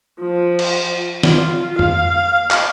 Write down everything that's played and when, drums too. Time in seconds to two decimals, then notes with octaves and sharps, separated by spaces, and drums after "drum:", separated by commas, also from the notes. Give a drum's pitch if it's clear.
0.21 F3
0.59 drum: cymbal
1.23 F4, drum: snare
1.79 F5, drum: tom F2
2.51 drum: clap